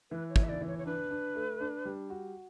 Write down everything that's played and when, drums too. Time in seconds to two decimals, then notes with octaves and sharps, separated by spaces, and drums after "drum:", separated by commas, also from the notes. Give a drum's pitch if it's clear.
0.11 E3 B4
0.29 C#5
0.36 E3, drum: kick
0.43 E5
0.49 D5
0.61 E3
0.67 C#5
0.78 C#5
0.86 D4 B4
1.11 D4
1.35 A3
1.61 D4
1.85 G3
2.10 F#4